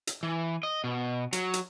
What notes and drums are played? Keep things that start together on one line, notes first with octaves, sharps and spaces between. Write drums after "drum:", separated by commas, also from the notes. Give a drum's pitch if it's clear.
drum: hi-hat
E3
D#5
B2
F#3, drum: hi-hat
drum: hi-hat